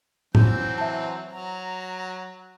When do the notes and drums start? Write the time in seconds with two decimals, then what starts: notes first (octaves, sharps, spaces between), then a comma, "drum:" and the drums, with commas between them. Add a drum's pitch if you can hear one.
0.35 E3 F#3 C4 G6, drum: tom A2
0.78 E5 A5
1.31 F#3 A#5